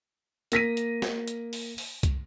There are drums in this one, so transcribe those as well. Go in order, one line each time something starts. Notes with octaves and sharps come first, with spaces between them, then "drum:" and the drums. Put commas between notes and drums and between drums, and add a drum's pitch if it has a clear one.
A#3 A#6 B6 D#7, drum: hi-hat
drum: hi-hat
drum: snare
drum: hi-hat
drum: open hi-hat
drum: open hi-hat
drum: kick, hi-hat